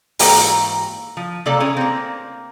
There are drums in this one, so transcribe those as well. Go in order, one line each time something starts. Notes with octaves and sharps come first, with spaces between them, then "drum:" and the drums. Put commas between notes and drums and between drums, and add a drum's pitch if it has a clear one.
G#2 E3 A#3 F#4 G5 A#5, drum: open hi-hat
F3
C3 A#3 A4 D5 F5
C#4 E4 G#4
A#3 C4